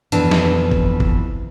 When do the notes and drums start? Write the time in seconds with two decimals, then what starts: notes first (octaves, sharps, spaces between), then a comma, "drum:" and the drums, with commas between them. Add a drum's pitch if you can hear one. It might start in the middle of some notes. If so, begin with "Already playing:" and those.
0.12 F2 B2 E3 D4, drum: hi-hat
0.31 drum: snare
0.71 drum: kick
1.00 drum: kick